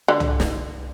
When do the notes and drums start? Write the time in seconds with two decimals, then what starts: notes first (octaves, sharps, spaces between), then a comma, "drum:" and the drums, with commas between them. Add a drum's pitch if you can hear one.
0.08 D3
0.20 drum: tom
0.40 drum: snare